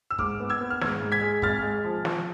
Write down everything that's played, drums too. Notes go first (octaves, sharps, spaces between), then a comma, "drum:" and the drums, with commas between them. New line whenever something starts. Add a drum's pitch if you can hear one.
E6
G#2 D6 F6, drum: kick
B3
E6 G#6
B3
F6
G#2 E6 G#6, drum: snare
G#2
G#6 B6
G#3
G#1 F6 A6, drum: kick
G#3
F3
F3, drum: snare